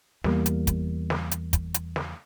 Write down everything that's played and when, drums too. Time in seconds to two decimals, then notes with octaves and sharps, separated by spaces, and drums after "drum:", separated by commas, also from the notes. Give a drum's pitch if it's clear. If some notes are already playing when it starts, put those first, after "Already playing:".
0.24 E2 G3 A#3, drum: snare
0.46 drum: hi-hat
0.67 drum: kick, hi-hat
1.10 drum: snare
1.31 drum: hi-hat
1.53 drum: kick, hi-hat
1.74 drum: hi-hat
1.96 drum: snare